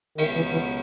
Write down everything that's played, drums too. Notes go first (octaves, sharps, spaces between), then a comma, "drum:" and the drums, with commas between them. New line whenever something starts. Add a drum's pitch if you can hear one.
C#2 B2 D#3 F#3 B3, drum: cymbal
E3
E3